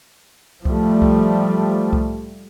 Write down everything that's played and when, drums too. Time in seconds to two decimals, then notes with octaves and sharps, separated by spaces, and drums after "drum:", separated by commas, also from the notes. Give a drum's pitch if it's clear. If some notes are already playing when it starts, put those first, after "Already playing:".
0.65 F3 G3 A3, drum: kick C2
1.02 drum: kick C2
1.93 drum: kick C2